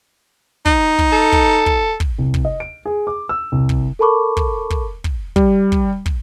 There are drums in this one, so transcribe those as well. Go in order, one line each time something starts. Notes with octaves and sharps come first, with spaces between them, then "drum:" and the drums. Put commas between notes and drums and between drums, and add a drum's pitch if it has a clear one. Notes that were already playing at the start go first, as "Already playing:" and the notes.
D#4, drum: kick
drum: kick
A4
drum: kick
drum: kick
drum: kick
C2
drum: kick
D#5
D7
G#4
D6
E6
C2
drum: kick
A4 A#4 A5 B5 C#6 D6
drum: kick
drum: kick
drum: kick
G3, drum: kick
drum: kick
drum: kick